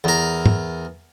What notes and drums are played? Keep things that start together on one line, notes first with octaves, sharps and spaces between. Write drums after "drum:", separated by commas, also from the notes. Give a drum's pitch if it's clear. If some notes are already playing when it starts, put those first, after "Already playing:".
E2 A#4
drum: tom